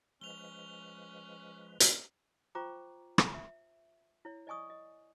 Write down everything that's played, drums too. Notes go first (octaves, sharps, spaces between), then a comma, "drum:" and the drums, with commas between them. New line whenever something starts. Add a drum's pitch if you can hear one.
F3 G#3 C#4 B4 F7 G7
drum: hi-hat
F4 C5 G5 A#5 C#6 D6
drum: rim click
E5
E4 C#5
D5 D#5 G#5 C#6 D#6
D#5